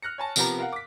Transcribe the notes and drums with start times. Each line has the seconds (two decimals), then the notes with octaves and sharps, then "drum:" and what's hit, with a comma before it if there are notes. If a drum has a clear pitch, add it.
0.02 F6 F#6 A#6 C#7
0.18 C#5 G#5 A5
0.36 C3 F3 B3 G4 A#4 A#5, drum: tambourine
0.59 A#4 F5 F#5
0.73 D6 B6